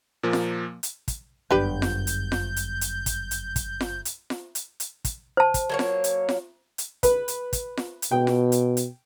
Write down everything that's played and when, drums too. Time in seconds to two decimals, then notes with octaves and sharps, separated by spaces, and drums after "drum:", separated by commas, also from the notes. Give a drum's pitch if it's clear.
0.23 A#2 F3 A#3
0.33 drum: snare F4
0.83 drum: hi-hat
1.08 drum: kick, hi-hat
1.51 G1 F#2 D4 G4 B4 G6
1.82 drum: snare F4
2.07 drum: hi-hat
2.32 drum: snare F4
2.56 drum: hi-hat
2.81 drum: hi-hat
3.06 drum: kick, hi-hat
3.31 drum: hi-hat
3.56 drum: kick, hi-hat
3.81 drum: snare F4
4.05 drum: hi-hat
4.30 drum: snare F4
4.55 drum: hi-hat
4.80 drum: hi-hat
5.05 drum: kick, hi-hat
5.37 C5 A5
5.54 drum: kick, hi-hat
5.69 F#3 A#3 C#5
5.79 drum: snare F4
6.04 drum: hi-hat
6.29 drum: snare F4
6.78 drum: hi-hat
7.03 B4, drum: kick, hi-hat
7.28 drum: hi-hat
7.53 drum: kick, hi-hat
7.77 drum: snare F4
8.02 drum: hi-hat
8.11 B2 G5
8.27 drum: snare F4
8.52 drum: hi-hat
8.77 drum: hi-hat